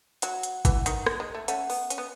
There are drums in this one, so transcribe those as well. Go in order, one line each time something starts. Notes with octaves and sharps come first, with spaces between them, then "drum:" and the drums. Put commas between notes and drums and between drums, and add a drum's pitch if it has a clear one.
F#3 F#5, drum: hi-hat
drum: hi-hat
E3 F#5, drum: kick G#1, hi-hat
D#3, drum: hi-hat
drum: rim click
G#3
A3
A3 C#4 F#5, drum: hi-hat
B3, drum: open hi-hat
C#4, drum: hi-hat
B3